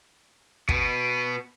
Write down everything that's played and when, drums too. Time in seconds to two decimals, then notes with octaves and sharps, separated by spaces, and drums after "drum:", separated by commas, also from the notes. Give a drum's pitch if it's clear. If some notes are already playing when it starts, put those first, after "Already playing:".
0.69 B2 B3, drum: kick